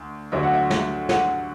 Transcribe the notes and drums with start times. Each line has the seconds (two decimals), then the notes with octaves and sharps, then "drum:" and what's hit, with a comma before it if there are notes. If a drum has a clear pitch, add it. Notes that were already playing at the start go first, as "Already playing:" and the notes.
Already playing: D2
0.32 D2 D3 F#3 E5
0.43 F#5
0.54 E5
0.70 drum: snare
1.09 F#5, drum: snare